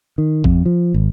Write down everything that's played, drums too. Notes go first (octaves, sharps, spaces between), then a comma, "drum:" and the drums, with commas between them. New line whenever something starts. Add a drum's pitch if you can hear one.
D#3
F2, drum: kick
F3
G#1